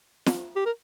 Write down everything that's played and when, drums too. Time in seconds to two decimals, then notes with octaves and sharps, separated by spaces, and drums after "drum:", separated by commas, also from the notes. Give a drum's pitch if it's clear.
0.26 drum: snare
0.56 G4
0.66 A#4